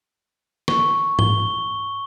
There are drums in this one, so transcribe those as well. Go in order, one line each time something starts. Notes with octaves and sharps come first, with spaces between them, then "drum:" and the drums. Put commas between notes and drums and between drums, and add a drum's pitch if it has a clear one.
C#6, drum: snare
G7, drum: tom G#2